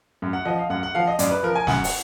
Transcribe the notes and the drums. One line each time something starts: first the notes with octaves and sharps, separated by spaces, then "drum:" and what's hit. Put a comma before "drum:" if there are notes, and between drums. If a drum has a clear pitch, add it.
F#2
F#5
F3 D#5
F5
F#2 F#5
F#5
F3 F5
D#5
F#2 D5, drum: hi-hat
B4
F3 A#4
G#5
F#2 F#5, drum: snare
drum: open hi-hat